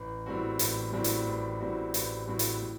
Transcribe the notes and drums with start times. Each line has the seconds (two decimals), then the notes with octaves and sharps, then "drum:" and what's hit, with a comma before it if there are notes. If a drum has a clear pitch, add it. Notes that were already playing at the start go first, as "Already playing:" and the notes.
Already playing: A1
0.26 A2 G3 C4 F#4
0.59 A1, drum: hi-hat
0.92 A2 G3 C4 F#4
1.04 drum: hi-hat
1.27 A1
1.60 A2 G3 C4 F#4
1.94 A1, drum: hi-hat
2.27 A2 G3 C4 F#4
2.39 drum: hi-hat
2.62 A2